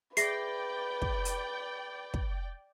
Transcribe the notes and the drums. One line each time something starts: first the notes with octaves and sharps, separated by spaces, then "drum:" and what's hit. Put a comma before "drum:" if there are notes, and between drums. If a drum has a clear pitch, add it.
G#4 B4 D5 E5 G5 A#6 C7, drum: hi-hat
drum: kick
drum: hi-hat
drum: kick